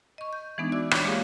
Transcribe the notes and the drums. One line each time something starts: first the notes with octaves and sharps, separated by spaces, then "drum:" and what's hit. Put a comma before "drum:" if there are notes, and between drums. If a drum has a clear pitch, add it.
D#5 C#6
G6
E3 G#3 B3 D4 D#4
F#4 D5 E5 D6 E6
D4 C#5 D6, drum: rim click
G#3 A#3 F4 G4 G#4 F5